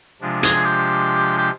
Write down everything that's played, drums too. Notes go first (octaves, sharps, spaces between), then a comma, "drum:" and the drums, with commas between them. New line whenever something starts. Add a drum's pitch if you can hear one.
C3 F3 G#3 D4 F4
G#4, drum: hi-hat
G4
G4